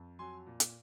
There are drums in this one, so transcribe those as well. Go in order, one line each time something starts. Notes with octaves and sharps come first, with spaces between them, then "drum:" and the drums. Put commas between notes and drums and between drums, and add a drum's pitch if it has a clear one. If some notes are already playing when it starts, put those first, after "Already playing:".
Already playing: F2
F#3 G#5 C6
A#2
drum: hi-hat